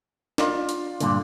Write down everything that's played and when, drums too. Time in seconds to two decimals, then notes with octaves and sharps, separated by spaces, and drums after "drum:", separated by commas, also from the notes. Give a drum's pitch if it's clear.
0.38 D4 F4, drum: snare
0.69 drum: hi-hat
1.00 G2 A#2 D3, drum: hi-hat